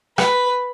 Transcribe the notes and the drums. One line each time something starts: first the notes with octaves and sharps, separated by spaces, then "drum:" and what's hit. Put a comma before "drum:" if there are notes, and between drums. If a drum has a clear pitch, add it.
B4, drum: rim click